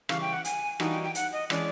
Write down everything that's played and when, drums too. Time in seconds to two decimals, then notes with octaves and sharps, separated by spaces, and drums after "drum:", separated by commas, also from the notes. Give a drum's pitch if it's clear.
0.09 C#3 E3 G3 F5, drum: rim click
0.21 G5
0.33 F#5
0.45 G#5, drum: hi-hat
0.80 E3 G3 A#3 D#4 F#4 G5, drum: rim click
0.91 G5
1.04 G5
1.15 F#5, drum: hi-hat
1.33 D#5
1.50 E3 G#3 C#4 D5, drum: rim click